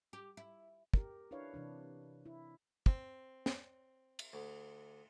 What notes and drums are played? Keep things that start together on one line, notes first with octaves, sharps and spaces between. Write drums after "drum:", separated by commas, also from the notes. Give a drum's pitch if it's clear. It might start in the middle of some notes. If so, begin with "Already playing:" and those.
G4
E4
G4 A#4, drum: kick
D4 E4 B4 C#5 F5
C3 E3 D4
E4
C4, drum: kick
drum: snare
drum: cymbal
D2